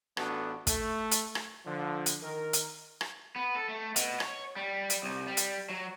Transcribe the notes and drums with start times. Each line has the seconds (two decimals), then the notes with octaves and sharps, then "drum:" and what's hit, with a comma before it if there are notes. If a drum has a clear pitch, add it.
0.17 A1 B3 D4 F#4 A4, drum: rim click
0.67 A3, drum: kick, hi-hat
1.12 drum: hi-hat
1.35 drum: rim click
1.66 D3 F3
2.06 drum: hi-hat
2.23 D#3 A#4
2.53 drum: hi-hat
3.01 drum: rim click
3.36 B3
3.56 A4
3.69 A3
3.96 B2, drum: hi-hat
4.20 C#5, drum: rim click
4.56 G3
4.90 drum: hi-hat
5.03 C2
5.28 G3
5.37 drum: hi-hat
5.70 F#3